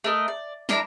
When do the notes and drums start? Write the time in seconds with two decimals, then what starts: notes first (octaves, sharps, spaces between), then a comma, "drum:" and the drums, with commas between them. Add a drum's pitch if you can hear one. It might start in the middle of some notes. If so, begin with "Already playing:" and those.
0.04 A3 A#4 D#5
0.28 D5
0.69 A#3 D4 E4 A#5, drum: snare